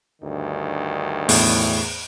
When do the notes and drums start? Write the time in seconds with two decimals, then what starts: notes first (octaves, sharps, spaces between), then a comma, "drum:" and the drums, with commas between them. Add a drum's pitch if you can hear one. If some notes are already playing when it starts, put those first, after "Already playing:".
0.22 D2 G2 D#3
1.29 E2 A2, drum: open hi-hat